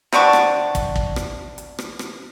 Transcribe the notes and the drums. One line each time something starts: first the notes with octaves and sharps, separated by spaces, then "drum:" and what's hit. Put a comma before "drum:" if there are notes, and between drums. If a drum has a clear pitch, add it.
C3 B3 D4 C#6, drum: rim click
drum: rim click
drum: kick, hi-hat
drum: kick
drum: rim click
drum: hi-hat
drum: rim click
drum: rim click